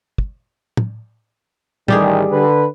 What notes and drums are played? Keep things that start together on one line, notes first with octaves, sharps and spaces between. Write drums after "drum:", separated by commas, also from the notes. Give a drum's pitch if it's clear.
drum: kick
drum: tom
A1 D#3 G3 G4 G#4, drum: tom
D3 B4